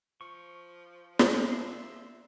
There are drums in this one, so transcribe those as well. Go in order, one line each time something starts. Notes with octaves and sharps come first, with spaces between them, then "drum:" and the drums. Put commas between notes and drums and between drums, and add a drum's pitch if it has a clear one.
F3 C#6
A4 C#5 D#5, drum: snare
D5 E5 F5 A5 C6